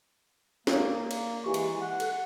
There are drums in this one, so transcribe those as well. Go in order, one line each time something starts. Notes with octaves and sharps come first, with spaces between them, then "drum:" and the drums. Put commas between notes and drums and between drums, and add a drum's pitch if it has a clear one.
A#3 C#5 D5, drum: snare
drum: cymbal
E3 G#3 E4 G4 C#6
drum: cymbal
F#5
A4 F#6, drum: cymbal